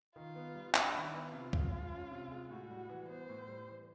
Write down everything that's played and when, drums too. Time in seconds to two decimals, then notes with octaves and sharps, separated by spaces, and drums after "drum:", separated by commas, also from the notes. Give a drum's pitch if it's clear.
0.16 D#3 F4
0.35 B3
0.55 G3
0.75 D4 E4, drum: clap
0.94 D#3
1.14 B3
1.33 C3 F4
1.53 G#3, drum: kick
1.73 F3
1.92 C#4
2.11 C3
2.31 G#3
2.50 A2 F#4
2.70 G3
2.89 E3
3.09 B3 C5
3.29 A2
3.48 G3
3.68 E3